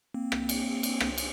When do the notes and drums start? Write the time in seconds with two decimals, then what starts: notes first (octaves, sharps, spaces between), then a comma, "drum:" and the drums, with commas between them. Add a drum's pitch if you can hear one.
0.14 A#3 C4
0.32 drum: rim click
0.49 drum: cymbal
0.83 drum: cymbal
1.00 drum: rim click
1.18 drum: cymbal